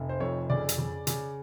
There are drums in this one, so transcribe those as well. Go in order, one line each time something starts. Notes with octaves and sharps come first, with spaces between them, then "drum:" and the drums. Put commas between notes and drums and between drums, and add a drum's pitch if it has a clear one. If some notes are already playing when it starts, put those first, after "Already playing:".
Already playing: F1
C5
F2 C#5
C#3 D5
drum: hi-hat
C#3
C#3, drum: hi-hat